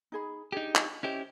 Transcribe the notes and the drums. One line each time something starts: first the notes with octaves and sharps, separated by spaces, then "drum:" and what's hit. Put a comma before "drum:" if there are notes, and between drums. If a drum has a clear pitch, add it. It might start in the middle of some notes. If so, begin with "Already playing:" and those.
D#4 G#4 B5
D4 D#4 G4 G#4
drum: clap
C#4 E4 G4 C5 D#5